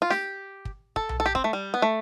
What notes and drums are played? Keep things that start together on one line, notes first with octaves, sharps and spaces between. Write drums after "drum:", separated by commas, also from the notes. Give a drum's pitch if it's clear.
F4
G4, drum: snare
drum: kick
A4, drum: kick
drum: tom B1
A4
G4
C4, drum: kick
A3
G3
B3
A3